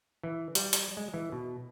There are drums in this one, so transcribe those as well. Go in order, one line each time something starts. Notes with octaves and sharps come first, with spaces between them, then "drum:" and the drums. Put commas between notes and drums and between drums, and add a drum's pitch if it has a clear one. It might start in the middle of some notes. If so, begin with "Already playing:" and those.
E3
G3, drum: hi-hat
drum: hi-hat
G#3
E3
B2